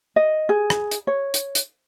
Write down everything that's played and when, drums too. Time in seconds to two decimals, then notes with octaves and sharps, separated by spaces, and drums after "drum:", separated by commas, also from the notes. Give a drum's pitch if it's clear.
0.16 D#5
0.49 G#4
0.70 drum: rim click
0.91 drum: hi-hat
1.07 C#5
1.34 drum: hi-hat
1.55 drum: hi-hat